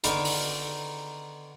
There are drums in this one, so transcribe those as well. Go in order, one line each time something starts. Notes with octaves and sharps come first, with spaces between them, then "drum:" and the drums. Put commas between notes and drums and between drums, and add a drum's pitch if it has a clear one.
D3 D#3 B3 D#4 A#4, drum: hi-hat
drum: open hi-hat